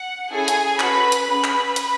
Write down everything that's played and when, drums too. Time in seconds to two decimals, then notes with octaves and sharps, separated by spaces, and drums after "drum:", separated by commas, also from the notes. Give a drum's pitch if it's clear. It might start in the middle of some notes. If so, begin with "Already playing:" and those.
Already playing: F#5
0.31 C#4 E4 G#4 A4 G#5
0.48 drum: hi-hat
0.80 C#4 F#4 A4 B4 B5, drum: clap
1.12 drum: hi-hat
1.28 C#4 G#4 B4 B5
1.44 drum: clap
1.76 drum: hi-hat